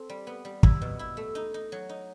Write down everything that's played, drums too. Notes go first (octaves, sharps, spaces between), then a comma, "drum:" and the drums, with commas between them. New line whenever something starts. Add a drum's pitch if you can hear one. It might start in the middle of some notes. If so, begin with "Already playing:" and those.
Already playing: C4 A4
G3
B3
G3
E4, drum: kick
B2
E4
A3
D#4
D#4
F#3
D#4